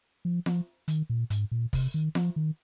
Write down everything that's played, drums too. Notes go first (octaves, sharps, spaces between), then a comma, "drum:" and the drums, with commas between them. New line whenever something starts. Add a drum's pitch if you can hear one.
F3
F3, drum: snare F4
D#3, drum: hi-hat
A#2
G#2, drum: hi-hat
A#2
C3, drum: kick, open hi-hat
D#3
F3, drum: snare F4
D#3